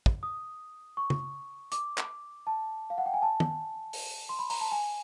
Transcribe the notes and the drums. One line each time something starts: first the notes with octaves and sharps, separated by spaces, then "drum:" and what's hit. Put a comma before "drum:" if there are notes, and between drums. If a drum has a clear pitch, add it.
drum: kick
D#6
C#6
drum: tom C#3
D6, drum: hi-hat
drum: clap
A5
F5
F#5
G5
G#5
A5
drum: tom
drum: open hi-hat
C6
B5
A#5, drum: open hi-hat
A5
G#5